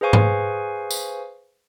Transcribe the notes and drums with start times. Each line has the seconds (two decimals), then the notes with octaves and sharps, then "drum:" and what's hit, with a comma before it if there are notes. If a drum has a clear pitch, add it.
0.01 G#4 B4 C5 F5 G#5 C#6
0.13 drum: tom G#2
0.91 drum: tambourine